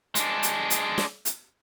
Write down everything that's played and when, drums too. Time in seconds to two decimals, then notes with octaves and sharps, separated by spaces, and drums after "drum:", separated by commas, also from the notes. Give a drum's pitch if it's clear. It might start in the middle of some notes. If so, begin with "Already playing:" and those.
0.15 G#3 D4, drum: hi-hat
0.43 drum: hi-hat
0.70 drum: hi-hat
0.98 drum: snare
1.25 drum: hi-hat